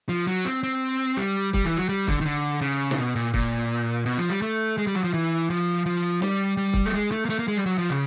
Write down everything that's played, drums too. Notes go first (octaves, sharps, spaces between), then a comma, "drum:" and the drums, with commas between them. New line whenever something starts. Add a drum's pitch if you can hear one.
F3
F#3
C4
C4
G3
G3, drum: kick
E3
F#3
G3
D3, drum: kick
D#3
D3
C#3
C3, drum: snare
B2
A#2
A#2, drum: kick
B2
F3
G3
A3
G#3
G3
F#3
F3
E3
F3
F3
G3, drum: snare
G3
drum: kick
A3
G#3
A3
A#3
A3, drum: hi-hat
A#3
G#3
G3
F#3
F3
C#3